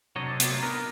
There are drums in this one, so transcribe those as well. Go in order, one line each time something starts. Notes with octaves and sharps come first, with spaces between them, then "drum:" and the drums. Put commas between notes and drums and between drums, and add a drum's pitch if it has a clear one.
C3 F#3 D4 A4 C#5 D#5
drum: hi-hat
B3 D#4 A#4